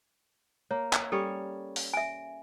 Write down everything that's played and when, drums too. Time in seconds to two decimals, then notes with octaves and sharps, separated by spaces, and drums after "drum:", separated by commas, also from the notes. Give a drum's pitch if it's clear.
0.71 A#3 C#5
0.93 drum: clap
1.12 G3 C#4 A4 C#5
1.76 drum: open hi-hat
1.94 E5 G#5